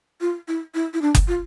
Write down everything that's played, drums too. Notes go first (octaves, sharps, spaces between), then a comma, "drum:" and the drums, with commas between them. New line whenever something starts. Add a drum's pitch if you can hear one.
F4
E4
E4
E4
D4
drum: kick F#1, hi-hat
F4